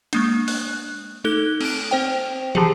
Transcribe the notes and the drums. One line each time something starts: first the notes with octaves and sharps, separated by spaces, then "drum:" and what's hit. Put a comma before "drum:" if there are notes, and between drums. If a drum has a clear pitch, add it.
G#3 A#3 D4, drum: hi-hat
F#6, drum: open hi-hat
A3 D#4 A4 F#6 G7
C4 D7, drum: cymbal
C4 C5 G5
E3 F3 G4 G#4, drum: tom